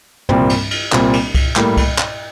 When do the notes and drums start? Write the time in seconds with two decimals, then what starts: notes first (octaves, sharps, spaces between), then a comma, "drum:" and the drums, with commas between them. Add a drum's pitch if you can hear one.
0.29 C2 A#2 G3 C4, drum: tom G2
0.50 drum: cymbal
0.71 drum: cymbal
0.92 C2 A#2 G3 C4, drum: clap
1.13 drum: cymbal
1.35 drum: kick C2, cymbal
1.56 A2 G3 A#3, drum: clap
1.77 drum: kick C2, cymbal
1.98 drum: clap